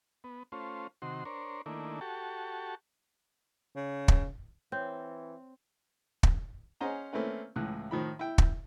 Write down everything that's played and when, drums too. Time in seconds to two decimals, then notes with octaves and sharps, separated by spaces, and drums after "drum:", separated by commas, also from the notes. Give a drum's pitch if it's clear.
0.24 B3
0.52 A3 C#4 F4 C5
1.02 C3 D#3 F#4 C6
1.25 D4 A#4 C5 C#5
1.66 D#3 A3 A#3 D4 E4
2.01 F#4 G4 A4 A5 C#6
3.76 C#3
4.08 drum: kick
4.72 E3 C4 C#5 G6
6.23 drum: kick
6.81 C#4 G#4 C5 D#5 F#5 A#5
7.13 A3 A#3 C4 C#4 B4
7.56 C#2 A2 E3 F#6
7.91 A2 D#3 F3 B5
8.19 E4 G5
8.38 drum: kick